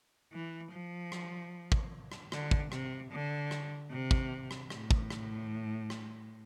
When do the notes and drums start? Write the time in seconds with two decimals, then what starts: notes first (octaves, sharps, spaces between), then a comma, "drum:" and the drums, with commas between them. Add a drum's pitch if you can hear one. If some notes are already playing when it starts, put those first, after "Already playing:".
0.32 E3
0.71 F3
1.12 drum: rim click
1.72 drum: kick
2.12 drum: rim click
2.32 D3, drum: rim click
2.51 drum: kick
2.72 C3, drum: rim click
3.11 D3
3.51 drum: rim click
3.90 C3
4.11 drum: kick
4.51 drum: rim click
4.70 A2, drum: rim click
4.91 drum: kick
5.10 drum: rim click
5.90 drum: rim click